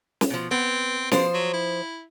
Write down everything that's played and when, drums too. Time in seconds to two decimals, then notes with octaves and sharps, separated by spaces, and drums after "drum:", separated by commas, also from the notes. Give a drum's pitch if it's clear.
0.21 drum: snare
0.30 B2 F3
0.51 B3 C4
1.11 B2 F3 C5, drum: snare
1.34 F#3
1.53 E4